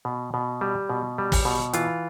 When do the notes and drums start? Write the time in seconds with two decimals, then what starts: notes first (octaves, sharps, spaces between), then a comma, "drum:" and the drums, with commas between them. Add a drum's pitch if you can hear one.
0.05 B2
0.34 B2
0.61 G3
0.90 B2
1.18 G3
1.32 drum: kick, open hi-hat
1.45 B2
1.73 E3 F4, drum: hi-hat